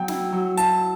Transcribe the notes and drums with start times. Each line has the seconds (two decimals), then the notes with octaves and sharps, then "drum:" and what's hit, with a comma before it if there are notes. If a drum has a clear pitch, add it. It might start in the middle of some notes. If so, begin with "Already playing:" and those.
Already playing: F#3 B3 G5
0.08 E4, drum: snare
0.32 F#3
0.57 E4 A5, drum: hi-hat